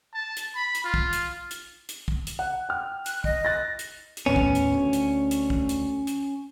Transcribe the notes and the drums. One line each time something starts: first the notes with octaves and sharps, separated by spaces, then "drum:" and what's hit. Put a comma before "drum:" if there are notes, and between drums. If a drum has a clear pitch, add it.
A5
drum: hi-hat
B5
drum: hi-hat
F4
drum: kick
drum: hi-hat
drum: hi-hat
drum: hi-hat
drum: kick
drum: hi-hat
F#5
G5 F6
F#6, drum: hi-hat
D#5, drum: kick
F#6 A6 A#6
drum: hi-hat
drum: hi-hat
D#2 A2 B3 C#4
drum: kick
drum: hi-hat
D2
drum: hi-hat
drum: hi-hat
drum: kick
drum: hi-hat
drum: hi-hat